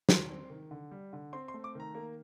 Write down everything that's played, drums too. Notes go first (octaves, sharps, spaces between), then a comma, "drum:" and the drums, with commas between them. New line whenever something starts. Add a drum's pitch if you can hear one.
D#3 C6, drum: snare
C4
D#3
D3
G3
D3
C4 C6
C6
A3
D6
D#3 A#5
A#3